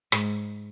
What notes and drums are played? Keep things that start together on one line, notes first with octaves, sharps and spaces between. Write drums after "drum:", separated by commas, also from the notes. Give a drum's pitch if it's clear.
G#2, drum: rim click